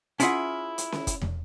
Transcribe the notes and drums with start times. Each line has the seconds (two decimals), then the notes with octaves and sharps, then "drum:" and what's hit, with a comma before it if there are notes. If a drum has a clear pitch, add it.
0.20 C#4 E4 F4 G#4 E5 F#5, drum: hi-hat
0.78 drum: hi-hat
0.92 drum: snare C#4
1.07 drum: kick, hi-hat
1.21 drum: tom E2